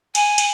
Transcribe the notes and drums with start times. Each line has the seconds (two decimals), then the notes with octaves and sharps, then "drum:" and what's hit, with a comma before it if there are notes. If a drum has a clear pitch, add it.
0.15 G#5, drum: cymbal
0.38 drum: cymbal